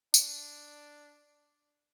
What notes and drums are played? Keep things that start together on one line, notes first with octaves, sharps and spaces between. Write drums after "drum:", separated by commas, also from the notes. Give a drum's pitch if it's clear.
D4, drum: tambourine